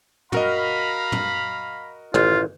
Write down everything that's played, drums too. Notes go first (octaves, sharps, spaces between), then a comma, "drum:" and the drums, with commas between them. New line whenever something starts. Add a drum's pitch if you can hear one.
F#4 A#4 D#5 F5 A#5 B5, drum: tom
drum: tom
A1 F4, drum: tom